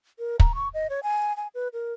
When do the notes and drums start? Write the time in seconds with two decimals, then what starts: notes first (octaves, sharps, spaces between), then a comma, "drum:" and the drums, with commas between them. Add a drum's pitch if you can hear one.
0.19 A#4
0.40 A#5, drum: kick
0.55 C#6
0.74 D#5
0.90 C#5
1.03 G#5
1.37 G#5
1.54 B4
1.73 A#4